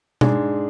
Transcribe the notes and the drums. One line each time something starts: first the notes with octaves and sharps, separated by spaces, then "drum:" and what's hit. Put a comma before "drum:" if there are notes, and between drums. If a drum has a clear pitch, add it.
G#2 G#3 D4 G#4, drum: tom B2